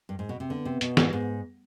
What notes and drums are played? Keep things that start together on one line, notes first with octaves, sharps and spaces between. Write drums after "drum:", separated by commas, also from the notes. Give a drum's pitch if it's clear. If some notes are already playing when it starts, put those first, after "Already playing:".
G2
G#2
B2
C3
D3 B3
C3
B2, drum: hi-hat
G#2, drum: snare
G#2